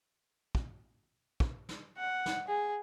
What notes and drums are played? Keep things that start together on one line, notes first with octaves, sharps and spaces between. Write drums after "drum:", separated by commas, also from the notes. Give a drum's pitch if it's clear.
drum: kick
drum: kick
drum: snare
F#5
drum: snare
G#4